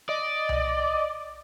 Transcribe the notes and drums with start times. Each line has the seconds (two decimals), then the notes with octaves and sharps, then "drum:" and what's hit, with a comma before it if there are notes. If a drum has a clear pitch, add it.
0.09 D5 D#5
0.49 drum: tom C2